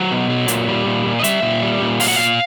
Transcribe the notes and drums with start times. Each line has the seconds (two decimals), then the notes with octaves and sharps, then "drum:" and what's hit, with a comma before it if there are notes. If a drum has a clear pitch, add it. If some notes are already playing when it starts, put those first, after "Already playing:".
Already playing: F#3 C5
0.11 B2
0.30 F#3
0.48 A#2, drum: hi-hat
0.68 G3
0.86 A#2
1.06 A#2
1.20 D#5
1.24 G3 E5, drum: hi-hat
1.42 A#2
1.62 G3
1.81 A#2
2.00 F#3 F5, drum: open hi-hat
2.08 F#5
2.16 A#2 F5